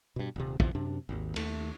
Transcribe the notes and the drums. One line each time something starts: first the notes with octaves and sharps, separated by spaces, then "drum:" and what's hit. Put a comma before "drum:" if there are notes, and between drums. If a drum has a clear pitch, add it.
G2 B2
D#1 C3
E2 C3 E3 F3, drum: kick
F#2 C3 D4
G#1 D#2
D#2 A3, drum: cymbal